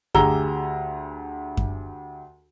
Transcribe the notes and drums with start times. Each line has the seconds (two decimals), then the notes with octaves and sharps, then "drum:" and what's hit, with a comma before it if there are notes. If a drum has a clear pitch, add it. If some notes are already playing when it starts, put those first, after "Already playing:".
0.14 D2 G4 G#4 A#5 E6 G7, drum: kick F#2
1.57 drum: kick F#2